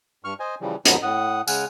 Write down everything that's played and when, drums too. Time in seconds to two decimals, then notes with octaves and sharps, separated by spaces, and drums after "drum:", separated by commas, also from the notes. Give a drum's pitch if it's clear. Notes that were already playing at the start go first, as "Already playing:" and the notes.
0.24 G2 C#6 F6
0.40 C5 D#5 G#5
0.61 C#3 E3 F3 G3
0.85 D#2 G#2 F3 F#3 B3, drum: hi-hat
1.03 A2 F#5 D#6
1.48 C#3 G#3 F#5 G#5 F6 F#6, drum: tambourine